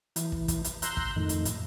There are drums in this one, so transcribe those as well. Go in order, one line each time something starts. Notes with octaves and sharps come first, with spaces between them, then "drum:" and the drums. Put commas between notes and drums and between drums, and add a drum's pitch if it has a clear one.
E3, drum: hi-hat
drum: kick
drum: kick, hi-hat
drum: hi-hat
A#5 C6 E6 F#6 G6, drum: hi-hat
drum: kick
F2 A2 D#3
drum: hi-hat
drum: hi-hat